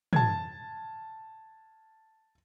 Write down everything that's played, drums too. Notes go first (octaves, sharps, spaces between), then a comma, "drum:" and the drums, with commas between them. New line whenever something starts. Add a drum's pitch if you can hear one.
A5 G#6, drum: tom